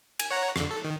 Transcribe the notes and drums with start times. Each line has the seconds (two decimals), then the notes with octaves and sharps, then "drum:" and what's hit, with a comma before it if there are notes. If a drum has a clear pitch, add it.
0.19 G#5, drum: cymbal
0.31 C#5 F#5 A#5
0.56 F2 D3, drum: rim click
0.71 A4
0.85 D#3